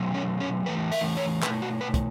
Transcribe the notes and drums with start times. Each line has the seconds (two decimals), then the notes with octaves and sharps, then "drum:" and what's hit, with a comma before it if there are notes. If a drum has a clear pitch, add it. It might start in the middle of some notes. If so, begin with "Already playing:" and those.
Already playing: B2 F#3 A3
0.14 C#4
0.40 C#4
0.65 E2 E3 A3 B4
0.92 E5, drum: open hi-hat
1.17 C#5
1.43 B2 A3 B4, drum: clap
1.62 F#4
1.81 B4
1.94 drum: kick, hi-hat